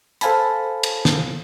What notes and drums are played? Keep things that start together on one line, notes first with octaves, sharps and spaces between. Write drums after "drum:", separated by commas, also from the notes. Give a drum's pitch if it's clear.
A4 C5 F5 G#5 A5 B5, drum: hi-hat
drum: cymbal
drum: snare